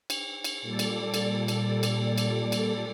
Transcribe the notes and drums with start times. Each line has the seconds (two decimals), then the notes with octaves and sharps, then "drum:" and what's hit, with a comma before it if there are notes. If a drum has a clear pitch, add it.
0.10 drum: cymbal
0.44 drum: cymbal
0.62 A#2 G3 A4 D5
0.79 drum: cymbal
1.14 drum: cymbal
1.48 drum: cymbal
1.83 drum: cymbal
2.18 drum: cymbal
2.52 drum: cymbal